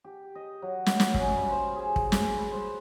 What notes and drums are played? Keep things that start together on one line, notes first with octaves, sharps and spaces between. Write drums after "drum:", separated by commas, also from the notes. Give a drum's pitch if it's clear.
G4
D#5
F#3
D#5, drum: snare
drum: snare
C#4, drum: kick
G3
C5
G#4
drum: kick
drum: snare
B4
C5